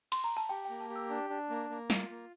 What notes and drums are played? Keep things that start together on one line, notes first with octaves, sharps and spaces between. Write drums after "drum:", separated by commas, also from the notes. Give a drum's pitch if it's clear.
C6, drum: cymbal
A#5
A5
G4 G5
A#3 G5
A5
G4
E6
D4 D6
D4
A#3
A#3
F4, drum: snare
A#3